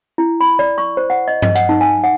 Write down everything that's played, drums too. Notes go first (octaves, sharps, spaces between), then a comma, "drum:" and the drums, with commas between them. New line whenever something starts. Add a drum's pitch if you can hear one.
E4
B5
D5
C#6
C5
F#5
D#5
D#5, drum: tom G2
F#5, drum: hi-hat
D#4
G#5
F#5